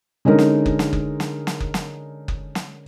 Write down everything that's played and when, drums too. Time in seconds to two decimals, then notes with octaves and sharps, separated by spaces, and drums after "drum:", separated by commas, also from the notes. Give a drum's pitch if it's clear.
0.25 D3 G#3 C#4 D#4 A#4
0.39 drum: snare
0.66 drum: kick F#1
0.79 drum: snare
0.93 drum: kick F#1
1.20 drum: snare
1.47 drum: snare
1.60 drum: kick F#1
1.74 drum: snare
2.28 drum: kick F#1
2.55 drum: snare